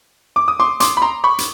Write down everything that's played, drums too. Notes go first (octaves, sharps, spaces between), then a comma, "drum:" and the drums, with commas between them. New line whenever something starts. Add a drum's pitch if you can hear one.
D6
D#6
C6 D6
C6 D6, drum: hi-hat
B5
A#5 C6
B5 C#6
drum: hi-hat